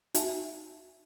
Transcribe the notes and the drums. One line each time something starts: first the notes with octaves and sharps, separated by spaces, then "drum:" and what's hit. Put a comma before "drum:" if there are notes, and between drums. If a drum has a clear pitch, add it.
D#4 F#4 E5 G#5 A5, drum: hi-hat